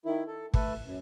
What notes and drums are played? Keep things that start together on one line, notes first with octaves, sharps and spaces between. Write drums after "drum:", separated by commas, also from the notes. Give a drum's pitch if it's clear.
D#3 E4
A4
A3 A4 B4, drum: kick
F#2